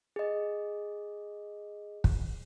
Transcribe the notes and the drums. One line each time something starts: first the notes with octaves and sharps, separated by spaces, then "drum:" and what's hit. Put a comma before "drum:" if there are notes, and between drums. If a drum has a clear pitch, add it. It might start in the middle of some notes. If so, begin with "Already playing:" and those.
G#4 D#5
drum: kick